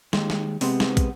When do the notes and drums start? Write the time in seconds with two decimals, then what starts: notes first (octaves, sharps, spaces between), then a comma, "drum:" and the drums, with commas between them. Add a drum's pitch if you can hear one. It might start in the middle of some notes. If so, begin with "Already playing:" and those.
0.13 D#2 G#3, drum: snare
0.30 drum: snare
0.61 C3 G#3 B3 C4, drum: open hi-hat
0.80 drum: snare
0.97 drum: kick, hi-hat